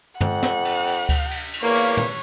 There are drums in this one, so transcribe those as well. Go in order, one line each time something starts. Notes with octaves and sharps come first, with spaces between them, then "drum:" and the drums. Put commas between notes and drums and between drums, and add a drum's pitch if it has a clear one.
F2 F#5, drum: tom
drum: snare
drum: cymbal
drum: cymbal
drum: kick D2, cymbal
drum: cymbal
drum: cymbal
E2 A#3 C#5
drum: cymbal
drum: tom